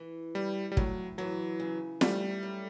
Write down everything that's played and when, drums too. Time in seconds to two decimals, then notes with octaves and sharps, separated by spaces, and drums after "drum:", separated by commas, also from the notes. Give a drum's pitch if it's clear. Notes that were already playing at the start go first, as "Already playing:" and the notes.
Already playing: E3
0.35 G3 E4
0.72 G3
0.77 A2 F#3, drum: kick
1.18 E3 F#3
1.60 C#3
2.01 G3 A3, drum: snare
2.43 F#2